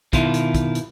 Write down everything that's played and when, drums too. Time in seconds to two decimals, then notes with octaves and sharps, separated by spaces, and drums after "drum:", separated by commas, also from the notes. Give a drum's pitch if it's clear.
0.13 B2 D#3 E4 F4, drum: kick, hi-hat
0.34 drum: hi-hat
0.54 drum: kick, hi-hat
0.75 drum: hi-hat